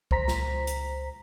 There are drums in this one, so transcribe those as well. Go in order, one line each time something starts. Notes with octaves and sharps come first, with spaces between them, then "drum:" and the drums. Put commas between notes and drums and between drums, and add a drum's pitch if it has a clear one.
C#2 C5 A#5 B6, drum: kick
drum: snare
drum: hi-hat